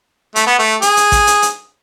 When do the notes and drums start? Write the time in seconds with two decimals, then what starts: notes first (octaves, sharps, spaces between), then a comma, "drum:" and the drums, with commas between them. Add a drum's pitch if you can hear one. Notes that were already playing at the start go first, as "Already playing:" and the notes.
0.36 A3, drum: hi-hat
0.47 B3
0.59 A3
0.82 G#4, drum: hi-hat
0.97 drum: hi-hat
1.12 drum: kick, hi-hat
1.27 drum: hi-hat
1.42 drum: hi-hat